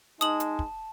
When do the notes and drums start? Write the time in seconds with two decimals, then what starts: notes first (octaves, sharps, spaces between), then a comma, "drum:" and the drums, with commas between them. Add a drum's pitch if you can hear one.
0.21 G#3 D#4 A5 D#6 F#7, drum: hi-hat
0.40 drum: hi-hat
0.59 drum: kick